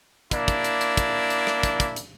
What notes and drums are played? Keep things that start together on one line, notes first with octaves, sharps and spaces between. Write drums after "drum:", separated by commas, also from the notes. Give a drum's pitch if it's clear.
A#3 D4 E4, drum: kick, hi-hat
drum: kick, hi-hat
drum: hi-hat
drum: hi-hat
drum: kick, hi-hat
drum: hi-hat
drum: rim click
drum: kick, hi-hat
drum: kick, hi-hat
drum: hi-hat